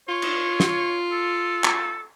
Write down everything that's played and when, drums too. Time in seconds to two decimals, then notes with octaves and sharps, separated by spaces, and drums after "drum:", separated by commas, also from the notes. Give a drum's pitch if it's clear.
0.08 F4 C#5
0.22 drum: cymbal
0.60 drum: snare
1.12 A4
1.64 drum: clap